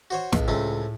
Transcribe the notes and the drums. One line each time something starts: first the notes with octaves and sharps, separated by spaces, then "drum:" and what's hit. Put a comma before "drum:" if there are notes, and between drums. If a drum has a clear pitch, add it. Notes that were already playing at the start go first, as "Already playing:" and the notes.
F#4 C5 C#5
C#2 A2, drum: snare
C#2 A3 C4 C#4